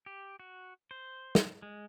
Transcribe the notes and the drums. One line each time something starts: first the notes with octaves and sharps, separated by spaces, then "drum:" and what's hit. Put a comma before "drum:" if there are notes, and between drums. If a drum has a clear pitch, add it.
G4
F#4
C5
drum: snare
G#3